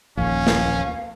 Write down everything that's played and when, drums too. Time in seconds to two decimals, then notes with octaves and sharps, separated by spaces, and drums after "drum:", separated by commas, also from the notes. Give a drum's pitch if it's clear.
0.17 D#1 A#1 C#4 F5
0.47 drum: snare